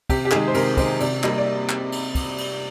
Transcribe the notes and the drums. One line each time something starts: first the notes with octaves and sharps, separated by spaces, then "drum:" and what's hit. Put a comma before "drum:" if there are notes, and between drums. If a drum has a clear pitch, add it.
C3 G4, drum: kick, cymbal
G4
D#3 G#3 G#4, drum: clap
C5
C3 A#4, drum: cymbal
D#3 G#3 C5, drum: kick, cymbal
C3 D5, drum: cymbal
G3 A#3 D#5, drum: clap
D5
drum: clap
drum: cymbal
drum: kick, cymbal
drum: cymbal